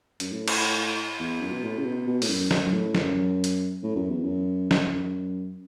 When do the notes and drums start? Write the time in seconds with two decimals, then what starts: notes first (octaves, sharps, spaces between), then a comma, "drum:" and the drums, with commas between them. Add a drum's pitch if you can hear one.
0.20 F#2, drum: hi-hat
0.32 A2
0.48 drum: cymbal
1.19 E2
1.41 F#2
1.52 B2
1.63 A2
1.78 C#3
1.85 B2
2.07 B2
2.22 A2, drum: open hi-hat
2.29 F#2
2.51 F#2, drum: snare
2.73 A2
2.95 F#2, drum: snare
3.44 drum: hi-hat
3.83 A2
3.96 F#2
4.10 E2
4.24 F#2
4.71 F#2, drum: snare